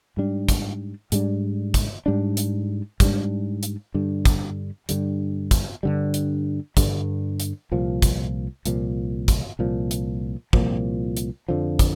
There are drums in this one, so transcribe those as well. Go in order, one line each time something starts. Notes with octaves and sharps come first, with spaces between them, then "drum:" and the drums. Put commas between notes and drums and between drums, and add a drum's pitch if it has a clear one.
G#2 G3 D4
drum: kick, hi-hat
G#2 G3 D4, drum: hi-hat
drum: kick, hi-hat
G#2 G3 D4
drum: hi-hat
G#2 G3 D4, drum: kick, hi-hat
drum: hi-hat
G2 D3 G3
drum: kick, hi-hat
G2 D3 G3, drum: hi-hat
drum: kick, hi-hat
G2 D3 G3
drum: hi-hat
G2 D3 G3, drum: kick, hi-hat
drum: hi-hat
C2 A#2 F3
drum: kick, hi-hat
C2 A#2 F3, drum: hi-hat
drum: kick, hi-hat
C2 A#2 F3
drum: hi-hat
C2 A#2 F3, drum: kick
drum: hi-hat
F2 D3 F3
drum: kick, hi-hat